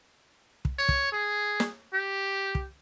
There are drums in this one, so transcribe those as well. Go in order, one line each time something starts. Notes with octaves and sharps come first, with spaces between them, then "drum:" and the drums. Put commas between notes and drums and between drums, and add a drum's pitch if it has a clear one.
drum: kick
C#5
drum: kick
G#4
drum: snare
G4
drum: kick